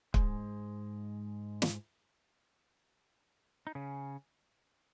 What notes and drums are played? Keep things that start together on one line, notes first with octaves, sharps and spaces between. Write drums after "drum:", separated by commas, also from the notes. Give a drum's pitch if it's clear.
G#2 G#3, drum: kick
drum: snare
D#4
C#3 C#4